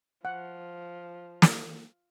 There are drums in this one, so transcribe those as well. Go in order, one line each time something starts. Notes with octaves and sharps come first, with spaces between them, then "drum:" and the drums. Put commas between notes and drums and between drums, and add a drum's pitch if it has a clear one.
F3 F#5
drum: snare